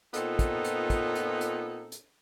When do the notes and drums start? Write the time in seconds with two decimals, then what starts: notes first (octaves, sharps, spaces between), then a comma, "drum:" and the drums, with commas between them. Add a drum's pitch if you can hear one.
0.14 A#2 B3 C4 D#4 F4 A4, drum: hi-hat
0.39 drum: kick, hi-hat
0.64 drum: hi-hat
0.90 drum: kick, hi-hat
1.15 drum: hi-hat
1.41 drum: hi-hat
1.92 drum: hi-hat